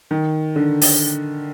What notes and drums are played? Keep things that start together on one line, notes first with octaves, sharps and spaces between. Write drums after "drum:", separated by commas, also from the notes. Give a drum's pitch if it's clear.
D#3
D3
drum: open hi-hat